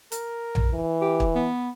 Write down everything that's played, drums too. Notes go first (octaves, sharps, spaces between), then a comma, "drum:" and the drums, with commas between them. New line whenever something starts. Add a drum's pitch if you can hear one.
A#4, drum: hi-hat
drum: tom A#1
E3
G4
drum: kick
B3